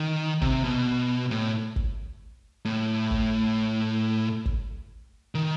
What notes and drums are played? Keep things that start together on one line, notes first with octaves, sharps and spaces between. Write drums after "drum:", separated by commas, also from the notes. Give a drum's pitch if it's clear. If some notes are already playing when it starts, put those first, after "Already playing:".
Already playing: D#3
C3, drum: kick
B2
A2
drum: kick
A2
drum: kick
drum: kick
D#3